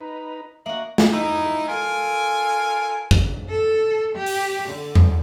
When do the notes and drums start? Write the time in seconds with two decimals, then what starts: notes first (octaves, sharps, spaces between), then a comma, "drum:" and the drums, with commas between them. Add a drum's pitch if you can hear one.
0.01 D#4 B4 A#5
0.66 A#3 F#4 D#5 E5 F#7
0.98 drum: snare
1.12 D#4 E4
1.68 F4 A4 A#4 F5 G#5
3.11 drum: kick
3.49 A4
4.16 G4
4.26 drum: open hi-hat
4.69 D3
4.95 drum: tom E2